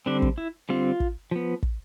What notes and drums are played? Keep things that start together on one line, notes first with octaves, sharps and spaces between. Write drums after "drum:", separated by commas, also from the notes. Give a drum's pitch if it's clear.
D3 G3 C4 D4
drum: kick
E4
D3 G3 C4 F4
drum: kick
F3 B3
drum: kick